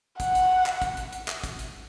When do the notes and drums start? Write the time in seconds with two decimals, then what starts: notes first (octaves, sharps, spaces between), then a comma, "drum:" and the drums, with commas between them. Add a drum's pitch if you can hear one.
0.20 F#5, drum: kick, hi-hat
0.35 drum: hi-hat
0.66 drum: clap
0.82 drum: kick, hi-hat
0.97 drum: hi-hat
1.13 drum: hi-hat
1.28 drum: clap
1.43 drum: kick, hi-hat
1.59 drum: hi-hat